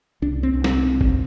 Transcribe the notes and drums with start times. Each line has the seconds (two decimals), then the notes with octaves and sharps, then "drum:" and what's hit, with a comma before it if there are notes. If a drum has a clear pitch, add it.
0.22 C2 D4
0.43 C4
0.54 C2
0.64 C4, drum: snare
0.86 C3
1.01 drum: kick